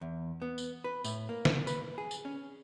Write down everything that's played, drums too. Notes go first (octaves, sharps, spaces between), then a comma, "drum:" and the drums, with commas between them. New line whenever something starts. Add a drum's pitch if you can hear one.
E2
B3
drum: tambourine
B4
A2, drum: tambourine
A#3
drum: snare
B4, drum: tambourine
G#4
drum: tambourine
C#4